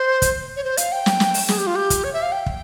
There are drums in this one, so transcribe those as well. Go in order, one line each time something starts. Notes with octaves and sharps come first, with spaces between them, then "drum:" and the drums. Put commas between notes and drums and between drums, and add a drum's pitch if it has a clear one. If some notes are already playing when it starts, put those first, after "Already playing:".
Already playing: C5
drum: kick, hi-hat
C#5
C5
F5, drum: hi-hat
G5
drum: snare
drum: snare
drum: open hi-hat
G#4, drum: snare
G4
F4
G4
drum: kick, hi-hat
C#5
E5
F5
G5
drum: kick